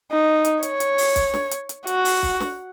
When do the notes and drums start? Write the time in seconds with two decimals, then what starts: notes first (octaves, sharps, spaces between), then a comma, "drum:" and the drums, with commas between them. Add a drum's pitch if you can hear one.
0.12 D#4
0.45 drum: hi-hat
0.63 C#5, drum: hi-hat
0.80 drum: hi-hat
0.98 drum: open hi-hat
1.16 drum: kick B1, hi-hat
1.34 drum: snare
1.51 drum: hi-hat
1.69 drum: hi-hat
1.87 F#4, drum: hi-hat
2.05 drum: open hi-hat
2.23 drum: kick B1
2.40 drum: snare